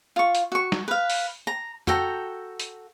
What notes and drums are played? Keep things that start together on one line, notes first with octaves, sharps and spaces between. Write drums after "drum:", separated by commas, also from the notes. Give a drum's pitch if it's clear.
F4 C#6
drum: hi-hat
F#4 C#6
drum: snare
B4 F5
drum: open hi-hat
A#5
F#4 A4 G5 A#5, drum: tom
drum: hi-hat